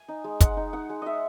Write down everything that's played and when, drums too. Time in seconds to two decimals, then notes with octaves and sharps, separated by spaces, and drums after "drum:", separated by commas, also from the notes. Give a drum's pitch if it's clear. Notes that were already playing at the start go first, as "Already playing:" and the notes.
Already playing: G#5
0.08 D#4
0.24 G#3
0.40 G#3 F#5, drum: kick, hi-hat
0.57 D#4
0.73 D#4 F#5
0.89 G#3
1.02 G#3 D#5 E5